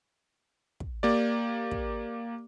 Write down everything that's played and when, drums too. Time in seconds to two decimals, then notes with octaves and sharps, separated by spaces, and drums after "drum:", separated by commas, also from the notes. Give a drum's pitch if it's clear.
0.80 drum: kick
1.03 A#3 G4 D5
1.71 drum: kick